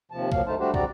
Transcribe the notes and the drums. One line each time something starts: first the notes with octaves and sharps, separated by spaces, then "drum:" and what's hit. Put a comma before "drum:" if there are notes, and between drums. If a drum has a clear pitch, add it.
D#2 C3 F3 A5
F3 F#3 A#3 F5, drum: kick
F#2 D#3 A3 D#4 C5 A5
G3 A3 D4 F#4 G4 C5
F2 G3 C4 F#4 D5 A#5, drum: kick